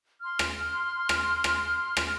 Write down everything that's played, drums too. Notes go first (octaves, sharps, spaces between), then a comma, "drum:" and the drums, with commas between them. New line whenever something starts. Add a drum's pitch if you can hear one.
C6 F6
drum: rim click
drum: rim click
drum: rim click
drum: rim click